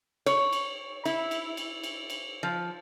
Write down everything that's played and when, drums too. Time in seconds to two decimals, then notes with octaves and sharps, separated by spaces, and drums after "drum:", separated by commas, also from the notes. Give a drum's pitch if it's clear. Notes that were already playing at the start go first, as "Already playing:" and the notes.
0.26 C#5, drum: cymbal
0.53 drum: cymbal
1.05 E4, drum: cymbal
1.31 drum: cymbal
1.57 drum: cymbal
1.83 drum: cymbal
2.10 drum: cymbal
2.43 F3